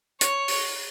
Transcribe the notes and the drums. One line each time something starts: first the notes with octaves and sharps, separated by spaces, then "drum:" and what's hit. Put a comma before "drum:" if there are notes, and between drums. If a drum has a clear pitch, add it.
C#5, drum: hi-hat
drum: open hi-hat